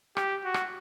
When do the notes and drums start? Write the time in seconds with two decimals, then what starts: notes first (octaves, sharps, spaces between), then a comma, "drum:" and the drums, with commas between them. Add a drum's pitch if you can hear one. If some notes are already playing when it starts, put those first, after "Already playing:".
0.17 G4, drum: rim click
0.44 F#4
0.54 drum: rim click